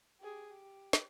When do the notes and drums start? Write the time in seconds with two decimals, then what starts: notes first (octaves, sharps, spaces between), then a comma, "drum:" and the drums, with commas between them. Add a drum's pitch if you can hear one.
0.20 G4 G#4
0.50 G4
0.93 drum: snare